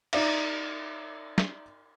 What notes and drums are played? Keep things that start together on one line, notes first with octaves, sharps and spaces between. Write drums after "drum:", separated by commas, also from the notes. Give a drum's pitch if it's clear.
D#4 D5 E5, drum: cymbal
drum: snare